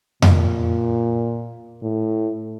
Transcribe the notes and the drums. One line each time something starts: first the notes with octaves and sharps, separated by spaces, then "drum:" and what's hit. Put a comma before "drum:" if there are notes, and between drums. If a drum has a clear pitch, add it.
A#2, drum: tom F2
A2